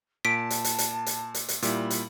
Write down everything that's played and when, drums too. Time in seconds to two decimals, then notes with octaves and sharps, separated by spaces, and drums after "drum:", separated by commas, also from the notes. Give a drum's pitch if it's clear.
0.25 A#2 A5 B6 D7
0.50 drum: hi-hat
0.64 drum: hi-hat
0.78 drum: hi-hat
1.06 drum: hi-hat
1.34 drum: hi-hat
1.48 drum: hi-hat
1.62 A#2 G3 E4 B5, drum: hi-hat
1.90 drum: hi-hat